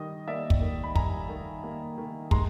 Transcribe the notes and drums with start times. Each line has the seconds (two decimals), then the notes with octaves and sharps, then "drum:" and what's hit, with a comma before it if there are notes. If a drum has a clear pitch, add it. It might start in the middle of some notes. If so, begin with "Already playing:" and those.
Already playing: D#3 G3 D#5
0.28 A#3 D5 E5
0.50 drum: kick
0.61 D#3
0.84 B5
0.95 G3 G#5 A#5, drum: kick
1.29 D#3
1.64 A#3
1.98 D#3
2.31 G#3 A#5 C6, drum: kick